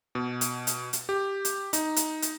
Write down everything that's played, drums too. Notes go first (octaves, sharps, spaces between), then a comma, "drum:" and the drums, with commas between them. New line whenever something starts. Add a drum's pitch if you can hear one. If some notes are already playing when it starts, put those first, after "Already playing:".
B2
drum: hi-hat
drum: hi-hat
drum: hi-hat
G4
drum: hi-hat
D#4, drum: hi-hat
drum: hi-hat
drum: hi-hat